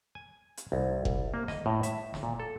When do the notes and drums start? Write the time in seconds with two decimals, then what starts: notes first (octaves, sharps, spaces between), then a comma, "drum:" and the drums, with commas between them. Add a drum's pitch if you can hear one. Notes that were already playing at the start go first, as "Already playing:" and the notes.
0.15 G#5
0.57 drum: hi-hat
0.72 C2
1.05 C2, drum: kick F#1
1.34 A#3
1.48 D#5, drum: snare
1.66 A2
1.83 E5, drum: hi-hat
2.14 drum: snare
2.23 A#2
2.40 A4